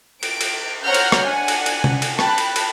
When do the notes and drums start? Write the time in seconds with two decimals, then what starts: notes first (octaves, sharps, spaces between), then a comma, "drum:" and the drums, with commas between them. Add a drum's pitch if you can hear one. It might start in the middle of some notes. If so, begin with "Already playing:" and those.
0.23 D7, drum: cymbal
0.41 drum: cymbal
0.84 C5 C#5 F#5 A#5 F6 G6
0.94 drum: cymbal
1.12 drum: rim click
1.24 D4 F#5 G#5
1.48 drum: cymbal
1.66 drum: cymbal
1.84 drum: tom C3
2.02 drum: cymbal
2.19 G5 A5 B5 F#6, drum: rim click
2.38 drum: cymbal
2.56 drum: cymbal